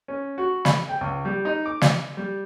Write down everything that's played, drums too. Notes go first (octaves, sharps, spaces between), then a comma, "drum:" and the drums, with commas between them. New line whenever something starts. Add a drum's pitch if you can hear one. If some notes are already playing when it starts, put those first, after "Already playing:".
C#4
F#4
B5, drum: snare
G5
C#2
G3
D#4
D6
drum: snare
G3